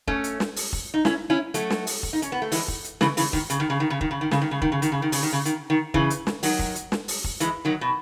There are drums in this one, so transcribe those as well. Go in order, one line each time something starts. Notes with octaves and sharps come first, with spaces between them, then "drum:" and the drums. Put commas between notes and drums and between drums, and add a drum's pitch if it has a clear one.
A3 C#4, drum: kick
drum: hi-hat
drum: snare
drum: open hi-hat
drum: kick
D#4
C#4 E4, drum: snare
C#4 E4
F#3 A3, drum: hi-hat
drum: snare
drum: open hi-hat
drum: kick
D#4
C#4, drum: hi-hat
B3
A3
E3 G#3, drum: open hi-hat
drum: kick
drum: hi-hat
C#3 E3, drum: snare
C#3 E3, drum: open hi-hat
D#3, drum: kick
C#3, drum: hi-hat
D#3
C#3
D#3
C#3
D#3, drum: kick
C#3
D#3
C#3, drum: snare
D#3
C#3
D#3, drum: kick
C#3
D#3, drum: hi-hat
C#3
D#3
C#3, drum: open hi-hat
D#3
C#3
D#3, drum: hi-hat
D#3
C#3 E3, drum: kick
drum: hi-hat
drum: snare
D#3 F#3, drum: open hi-hat
drum: kick
drum: hi-hat
drum: snare
drum: open hi-hat
drum: kick
E3 G#3, drum: hi-hat
D#3 F#3
B2